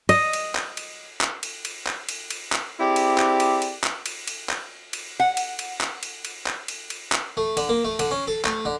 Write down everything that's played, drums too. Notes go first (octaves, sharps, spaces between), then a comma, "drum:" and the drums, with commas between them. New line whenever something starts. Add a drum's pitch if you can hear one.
D#5, drum: cymbal
drum: cymbal
drum: clap
drum: cymbal
drum: clap
drum: cymbal
drum: cymbal
drum: clap
drum: cymbal
drum: cymbal
drum: clap
C4 E4 G4 G#4 D5
drum: cymbal
drum: clap
drum: cymbal
drum: cymbal
drum: clap
drum: cymbal
drum: cymbal
drum: clap
drum: cymbal
F#5
drum: cymbal
drum: cymbal
drum: clap
drum: cymbal
drum: cymbal
drum: clap
drum: cymbal
drum: cymbal
drum: clap
A3
D3, drum: cymbal
A#3
A3
D3, drum: cymbal
C#4
A4
A3, drum: clap
D3